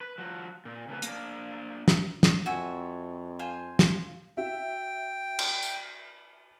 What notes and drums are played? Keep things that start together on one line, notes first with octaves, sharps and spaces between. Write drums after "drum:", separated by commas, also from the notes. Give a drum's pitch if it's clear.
B4
F3 F#4
A#2
C#3 A3 B4
A#3 D4, drum: hi-hat
drum: snare
drum: snare
F2 F#4 E5 G#5
F4 C5 G#5
drum: snare
F#4 E5 G5
drum: cymbal
drum: tambourine